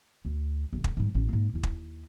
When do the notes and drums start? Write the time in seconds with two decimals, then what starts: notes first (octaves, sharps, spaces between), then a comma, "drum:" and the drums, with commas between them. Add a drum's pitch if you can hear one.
0.25 D2
0.73 D#1 D3
0.84 drum: kick
0.97 G#2 G3
1.15 A1 C#4
1.29 G#2 A#3
1.54 D#2 E4
1.63 drum: kick